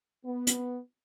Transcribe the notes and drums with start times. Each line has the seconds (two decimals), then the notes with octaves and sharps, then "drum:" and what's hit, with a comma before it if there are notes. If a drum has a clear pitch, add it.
0.25 B3
0.47 drum: hi-hat